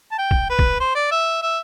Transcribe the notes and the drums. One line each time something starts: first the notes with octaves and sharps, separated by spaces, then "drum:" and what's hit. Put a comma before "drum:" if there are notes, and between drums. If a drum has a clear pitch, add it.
A5
G5
drum: kick
B4
drum: kick
C5
D5
E5
E5